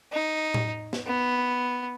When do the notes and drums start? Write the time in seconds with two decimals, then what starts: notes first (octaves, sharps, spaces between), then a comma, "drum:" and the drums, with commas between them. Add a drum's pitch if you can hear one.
0.13 D#4
0.54 drum: tom A2
0.93 drum: snare
1.07 B3